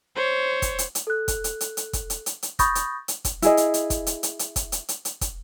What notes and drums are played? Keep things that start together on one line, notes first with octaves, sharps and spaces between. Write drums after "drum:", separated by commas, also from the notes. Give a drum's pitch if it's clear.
C5 C#5
drum: kick, hi-hat
drum: hi-hat
drum: hi-hat
A4 F#6
drum: kick, hi-hat
drum: hi-hat
drum: hi-hat
drum: hi-hat
drum: kick, hi-hat
drum: hi-hat
drum: hi-hat
drum: hi-hat
B5 C#6 D#6 G6 A6 A#6, drum: kick, hi-hat
drum: hi-hat
drum: hi-hat
drum: kick, hi-hat
E4 G#4 D#5, drum: hi-hat
drum: hi-hat
drum: hi-hat
drum: kick, hi-hat
drum: hi-hat
drum: hi-hat
drum: hi-hat
drum: kick, hi-hat
drum: hi-hat
drum: hi-hat
drum: hi-hat
drum: kick, hi-hat